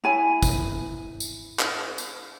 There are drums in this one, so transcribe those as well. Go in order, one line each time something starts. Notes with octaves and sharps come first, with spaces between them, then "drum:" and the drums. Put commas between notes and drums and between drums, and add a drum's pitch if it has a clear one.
E4 C#5 G#5
drum: kick G#1, tambourine
drum: tambourine
drum: clap
drum: tambourine